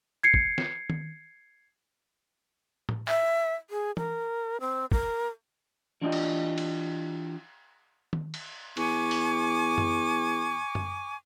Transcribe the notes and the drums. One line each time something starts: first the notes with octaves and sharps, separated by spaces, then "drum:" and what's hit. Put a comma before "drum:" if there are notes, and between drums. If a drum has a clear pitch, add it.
G#6 C7 C#7
drum: kick
drum: snare
drum: tom D#3
drum: tom A2
E5, drum: clap
G#4
A#4, drum: tom E3
C4
A#4, drum: kick
E3 D4 F4 G4 D#5
drum: cymbal
drum: cymbal
drum: tom D#3
drum: cymbal
E2 G#5 C#6 D6, drum: cymbal
drum: open hi-hat
drum: tom F#2
drum: tom F#2